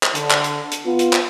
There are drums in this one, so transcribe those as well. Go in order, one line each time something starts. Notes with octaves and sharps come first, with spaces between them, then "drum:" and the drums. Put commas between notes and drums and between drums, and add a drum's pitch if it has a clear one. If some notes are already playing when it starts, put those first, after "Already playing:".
drum: clap
D3, drum: hi-hat
drum: clap
drum: hi-hat
drum: hi-hat
B3 F4
drum: hi-hat
drum: clap